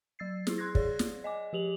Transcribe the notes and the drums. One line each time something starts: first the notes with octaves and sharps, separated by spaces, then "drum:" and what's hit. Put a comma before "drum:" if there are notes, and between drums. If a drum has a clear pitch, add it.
F#3 E6 A6 C7
E4 G#4, drum: snare
C6 F#6 G#6 A#6
G#4 C#5 D5, drum: kick
drum: snare
D#5 G#5 D6
F3 G4 F7 F#7